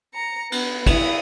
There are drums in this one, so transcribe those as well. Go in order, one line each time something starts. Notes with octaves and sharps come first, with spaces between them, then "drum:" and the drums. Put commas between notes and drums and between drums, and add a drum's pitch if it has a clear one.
A#5 C#7
B3, drum: cymbal
E4 D#6, drum: kick, cymbal